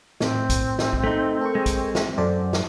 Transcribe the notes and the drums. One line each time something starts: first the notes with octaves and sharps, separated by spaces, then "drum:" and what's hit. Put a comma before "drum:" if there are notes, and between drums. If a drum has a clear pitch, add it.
A2 C4, drum: snare
drum: kick, hi-hat
drum: snare
drum: kick
A3 D#4
A4 A#4 C#6
G#3
drum: kick, hi-hat
drum: snare
F#2 A4 C5 D5
drum: snare